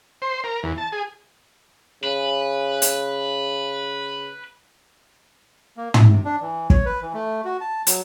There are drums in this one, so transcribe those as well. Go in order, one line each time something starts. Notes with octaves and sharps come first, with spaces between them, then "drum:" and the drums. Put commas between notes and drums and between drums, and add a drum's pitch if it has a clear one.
C5
A#4
E2
A5
G#4
C#3 B4
drum: hi-hat
A#3
E5, drum: tom
C3
D4
E3
C#5, drum: kick
B4
E3
A3
F#4
A5
F#3, drum: hi-hat